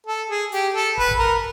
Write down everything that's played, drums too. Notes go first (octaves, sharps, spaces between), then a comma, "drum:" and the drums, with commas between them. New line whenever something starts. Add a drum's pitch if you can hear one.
A4
G#4
G4, drum: hi-hat
A4
B4, drum: kick
drum: tom A1
A#4